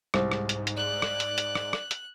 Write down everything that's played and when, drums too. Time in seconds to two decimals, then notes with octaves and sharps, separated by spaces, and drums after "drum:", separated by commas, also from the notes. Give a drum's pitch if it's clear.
0.14 C2 G#2, drum: rim click
0.32 drum: rim click
0.49 drum: hi-hat
0.67 drum: hi-hat
0.77 D5 F#6
1.02 drum: rim click
1.20 drum: hi-hat
1.38 drum: hi-hat
1.55 drum: rim click
1.73 drum: rim click
1.91 drum: hi-hat